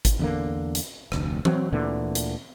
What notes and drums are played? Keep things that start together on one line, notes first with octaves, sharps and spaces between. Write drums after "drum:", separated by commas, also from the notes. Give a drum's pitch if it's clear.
drum: kick G#1, hi-hat
E2 D3 A#3
drum: hi-hat
F1 D2, drum: rim click
F#3 C4, drum: tom E3
D2 A#2 D3 E3
drum: hi-hat